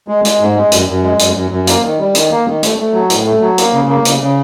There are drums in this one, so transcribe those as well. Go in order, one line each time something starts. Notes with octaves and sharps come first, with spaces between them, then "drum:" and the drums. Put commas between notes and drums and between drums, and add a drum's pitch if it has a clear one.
G#3
G#3, drum: hi-hat
G#2
G#3
F#2, drum: hi-hat
F#2
G#3
F#2, drum: hi-hat
F#2
F#2
A#3, drum: hi-hat
D#3
G3
D#3, drum: hi-hat
A#3
D#3
A3, drum: hi-hat
A3
F#3
A2, drum: hi-hat
A3
F#3
A#3, drum: hi-hat
C#3
A#3
C#3, drum: hi-hat
C#3